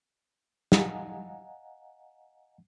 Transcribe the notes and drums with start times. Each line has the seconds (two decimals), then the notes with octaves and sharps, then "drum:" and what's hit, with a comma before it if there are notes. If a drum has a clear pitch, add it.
0.72 D#5 F5 F#5 G#5 A#5, drum: snare